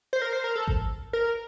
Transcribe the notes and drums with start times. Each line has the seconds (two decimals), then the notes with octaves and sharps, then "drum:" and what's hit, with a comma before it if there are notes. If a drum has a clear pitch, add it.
0.13 C5
0.22 A#4
0.33 C5
0.44 A#4
0.55 A4
0.68 drum: kick G#1
1.13 A#4